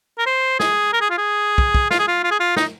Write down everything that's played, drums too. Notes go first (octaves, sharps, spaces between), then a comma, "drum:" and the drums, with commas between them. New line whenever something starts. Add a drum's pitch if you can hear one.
A#4
C5
G#4, drum: snare
A#4
G#4
F4
G#4
drum: kick
drum: kick
F4, drum: snare
G#4
F4
F4
G#4
F4
D#4, drum: snare